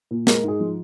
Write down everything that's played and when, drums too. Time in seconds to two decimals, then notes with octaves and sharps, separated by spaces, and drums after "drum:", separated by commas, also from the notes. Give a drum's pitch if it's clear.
0.11 A#2
0.27 G#3 A#4, drum: snare
0.43 G#2 G#4
0.60 F3